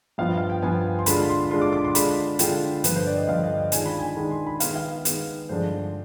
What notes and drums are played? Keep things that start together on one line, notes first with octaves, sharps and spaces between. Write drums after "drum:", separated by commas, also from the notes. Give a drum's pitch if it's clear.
G2 F3 B3 F4 F5
F5
G5
G2 F3 B3 F4 G#5
C6
D3 G#3 D4 F4 B5, drum: hi-hat
C6
D3 G#3 D4 F4 C6
D6
D6
C6
D3 G#3 D4 F4 B5, drum: hi-hat
D3 G#3 D4 F4 G5, drum: hi-hat
G2 D3 F3 B4, drum: hi-hat
C5
D5
D#5
G2 D3 F3 F5
D#5
G5
D#3 G#3 D4 F4 G#5, drum: hi-hat
B5
G#5
D#3 G#3 D4 F4 B5
C6
B5
D#3 G#3 B3 F5, drum: hi-hat
F5
D#3 G#3 B3, drum: hi-hat
G2 D3 F3 G#3 D4 C5